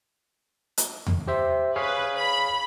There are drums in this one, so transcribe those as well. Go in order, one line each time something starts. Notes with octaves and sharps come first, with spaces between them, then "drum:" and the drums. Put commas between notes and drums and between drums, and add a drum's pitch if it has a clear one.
drum: hi-hat
drum: tom E2
G4 C5 E5
G#4 B4 C#5 F5
B5